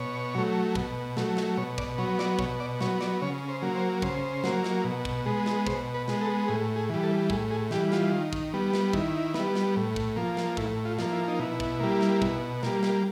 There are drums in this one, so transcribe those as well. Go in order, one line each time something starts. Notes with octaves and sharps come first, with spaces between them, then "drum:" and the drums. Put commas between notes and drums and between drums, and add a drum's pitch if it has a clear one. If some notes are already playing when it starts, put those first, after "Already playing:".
Already playing: B2 C#5
F#3 A3
B2, drum: kick
F#3 A3, drum: snare
drum: snare
B2 C#5
D5, drum: kick
F#3 B3 C#5
D5, drum: snare
B2 C#5, drum: kick
D5
F#3 B3 C#5, drum: snare
D5, drum: snare
C#3 C#5
C5
F#3 A#3
C5
C#3 C5, drum: kick
F#3 A#3, drum: snare
drum: snare
B2
drum: kick
G#3 B3
drum: snare
B2 C5, drum: kick
B4
G#3 B3, drum: snare
A4
A2 G#4
G#4
E3 G3
A4
A2 G#4, drum: kick
G#4
E3 G3 G4, drum: snare
F4, drum: snare
D#3
drum: kick
G3 B3
drum: snare
D#3 E4, drum: kick
B3, drum: snare
G3
drum: snare
A2
drum: kick
F3 A#3
drum: snare
A2 E4, drum: kick
F4
F3 A#3, drum: snare
E4
D#4
B2 E4
drum: kick
G3 A#3
drum: snare
B2, drum: kick
G3 A#3, drum: snare
drum: snare